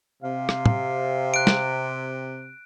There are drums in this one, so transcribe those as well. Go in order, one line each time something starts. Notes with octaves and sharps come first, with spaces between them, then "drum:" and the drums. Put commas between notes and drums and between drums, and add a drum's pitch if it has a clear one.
C3 F5
drum: rim click
drum: tom
F#6 D7
drum: snare